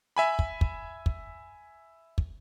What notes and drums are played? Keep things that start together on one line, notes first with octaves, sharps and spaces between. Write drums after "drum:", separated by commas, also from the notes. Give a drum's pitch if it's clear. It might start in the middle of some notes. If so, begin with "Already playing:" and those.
E5 G#5 B5
drum: kick
drum: kick
drum: kick
drum: kick